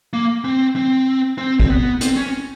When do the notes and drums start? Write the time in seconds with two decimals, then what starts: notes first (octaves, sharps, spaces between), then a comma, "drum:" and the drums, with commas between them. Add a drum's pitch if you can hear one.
0.13 A#3
0.44 C4
0.76 C4
1.38 C4
1.60 C4, drum: kick
1.70 B3
2.01 C4, drum: hi-hat
2.16 C#4